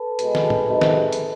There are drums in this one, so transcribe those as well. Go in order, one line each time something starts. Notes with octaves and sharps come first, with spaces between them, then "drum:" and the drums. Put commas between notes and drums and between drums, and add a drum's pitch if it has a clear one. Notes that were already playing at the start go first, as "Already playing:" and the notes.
Already playing: A4 B4
B2 G#3, drum: hi-hat
drum: snare
drum: tom A2
C3 D#3 G#3
drum: snare
drum: hi-hat